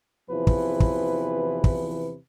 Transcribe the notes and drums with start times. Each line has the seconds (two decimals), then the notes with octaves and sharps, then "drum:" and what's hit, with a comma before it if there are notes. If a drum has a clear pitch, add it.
0.30 E2 C3 E3 F3 B4
0.47 drum: kick
0.80 drum: kick
1.64 drum: kick